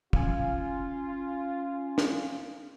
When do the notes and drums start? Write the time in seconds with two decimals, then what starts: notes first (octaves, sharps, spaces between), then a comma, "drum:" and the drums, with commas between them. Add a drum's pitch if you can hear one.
0.13 C#4 F4 F5 G#5, drum: kick
1.98 drum: snare